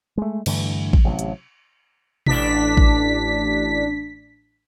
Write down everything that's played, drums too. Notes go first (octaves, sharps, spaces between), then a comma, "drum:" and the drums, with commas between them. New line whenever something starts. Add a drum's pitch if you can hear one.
G#3 A3
G2 D3 E3 A3, drum: cymbal
drum: kick A1
A1 C3 F#3
drum: hi-hat
A1 D4 B6, drum: tom B2
drum: kick A1